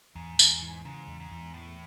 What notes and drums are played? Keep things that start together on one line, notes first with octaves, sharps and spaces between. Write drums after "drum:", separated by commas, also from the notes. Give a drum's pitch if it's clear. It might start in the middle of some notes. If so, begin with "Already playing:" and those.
E2 G#2
E2, drum: tambourine
E3
G#2 C#3
E2
G#2
E2
A2 E3